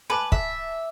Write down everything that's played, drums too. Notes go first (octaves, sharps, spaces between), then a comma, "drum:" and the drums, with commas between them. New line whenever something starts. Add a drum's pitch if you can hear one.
B4 G#5 A5 D6
E5, drum: kick